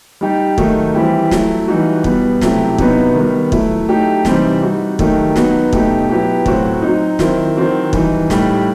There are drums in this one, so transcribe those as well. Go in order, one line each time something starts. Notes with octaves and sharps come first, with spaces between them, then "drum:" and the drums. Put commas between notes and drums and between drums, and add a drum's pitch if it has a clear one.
G3 D#4 G4
D#3 F#3 A3 D#4 F#4, drum: kick
E3 G3 C4 E4 G4
F#3 A3 E4, drum: snare
E3 G3 D#4 F#4
B2 G3 B3, drum: kick
C3 F#3 A3 E4 G4, drum: snare
C3 F#3 B3 D#4 F#4, drum: kick
D#3 G3 B3
F#3 A3 E4, drum: kick
F#3 A3 D#4 G4
C3 E3 G3 C4 D#4, drum: snare
G3 D#4 F#4
D#3 F#3 A3 D#4 G4, drum: kick
F#3 B3 D#4 F#4, drum: snare
B2 A3 D#4 G4, drum: kick
F#3 B3 E4 G4
A2 F#3 C4 F#4, drum: kick
F#3 C4 D#4
D#3 F#3 C4 E4, drum: snare
D#3 F#3 C4 F#4
E3 G3 D#4, drum: kick
A2 G3 D#4 G4, drum: snare